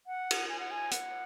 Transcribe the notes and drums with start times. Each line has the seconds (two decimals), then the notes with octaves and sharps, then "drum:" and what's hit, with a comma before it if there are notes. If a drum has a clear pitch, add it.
0.07 F#5
0.31 drum: cymbal
0.49 G#5
0.60 F#5
0.71 G#5
0.91 F#5, drum: hi-hat